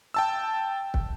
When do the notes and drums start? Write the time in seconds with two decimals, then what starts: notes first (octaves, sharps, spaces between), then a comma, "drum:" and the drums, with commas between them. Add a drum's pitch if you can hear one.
0.14 G5 A5 E6
0.94 drum: kick